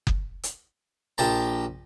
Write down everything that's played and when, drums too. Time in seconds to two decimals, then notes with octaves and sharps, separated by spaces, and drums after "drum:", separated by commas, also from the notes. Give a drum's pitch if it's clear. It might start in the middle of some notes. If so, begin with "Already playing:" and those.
0.07 drum: kick F#1
0.43 drum: hi-hat
1.18 A#1 G4 A5 A#5